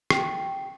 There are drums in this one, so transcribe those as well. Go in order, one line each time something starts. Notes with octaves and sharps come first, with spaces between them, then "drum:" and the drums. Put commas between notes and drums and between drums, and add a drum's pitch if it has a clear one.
G5, drum: rim click